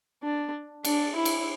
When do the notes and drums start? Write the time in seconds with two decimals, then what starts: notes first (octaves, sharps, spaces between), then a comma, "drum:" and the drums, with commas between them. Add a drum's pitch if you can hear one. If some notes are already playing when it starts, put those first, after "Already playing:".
0.23 D4
0.85 D4, drum: cymbal
1.15 E4
1.25 drum: cymbal